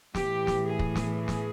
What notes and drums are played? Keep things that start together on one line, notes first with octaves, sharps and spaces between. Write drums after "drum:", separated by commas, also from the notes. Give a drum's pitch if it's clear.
A2 E3 G4, drum: snare
drum: snare
G#4
drum: kick
drum: snare
G#4
drum: snare